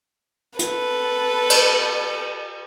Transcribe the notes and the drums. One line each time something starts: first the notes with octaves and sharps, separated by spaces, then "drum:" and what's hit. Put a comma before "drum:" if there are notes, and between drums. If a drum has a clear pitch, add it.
A4 B4, drum: hi-hat
drum: cymbal